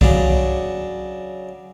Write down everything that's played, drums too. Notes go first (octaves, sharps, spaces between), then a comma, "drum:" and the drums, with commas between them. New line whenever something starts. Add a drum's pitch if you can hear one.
C#3 F#3 D4, drum: kick B1